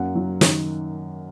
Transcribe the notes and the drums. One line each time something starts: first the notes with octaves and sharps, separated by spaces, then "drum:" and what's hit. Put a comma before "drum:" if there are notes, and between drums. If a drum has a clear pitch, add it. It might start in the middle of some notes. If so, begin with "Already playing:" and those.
Already playing: F#2 A#3 F#5
F#3
D#3, drum: snare